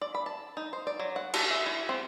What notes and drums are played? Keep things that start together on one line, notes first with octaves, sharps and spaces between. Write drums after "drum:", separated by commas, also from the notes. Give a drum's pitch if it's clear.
D5
B5
A5
D#4
C5
D5
F#3
F#5
A4, drum: cymbal
E5
E4
C4